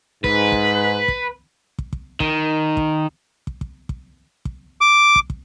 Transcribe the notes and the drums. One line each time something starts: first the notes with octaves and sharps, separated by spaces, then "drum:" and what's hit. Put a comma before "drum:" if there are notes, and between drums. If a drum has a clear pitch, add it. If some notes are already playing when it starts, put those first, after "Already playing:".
G#2 B4, drum: kick
drum: kick
drum: kick
drum: kick
drum: kick
D#3, drum: kick
drum: kick
drum: kick
drum: kick
drum: kick
drum: kick
D6
drum: kick
drum: kick